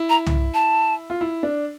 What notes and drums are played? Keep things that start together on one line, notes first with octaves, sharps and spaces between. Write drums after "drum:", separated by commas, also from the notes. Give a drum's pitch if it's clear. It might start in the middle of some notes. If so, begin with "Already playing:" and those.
Already playing: E4
A#5
drum: tom C2
A5
F4
E4
D4